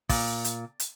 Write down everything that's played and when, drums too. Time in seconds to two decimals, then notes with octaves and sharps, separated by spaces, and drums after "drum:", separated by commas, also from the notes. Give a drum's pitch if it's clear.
0.09 A#2, drum: kick, open hi-hat
0.44 drum: hi-hat
0.80 drum: hi-hat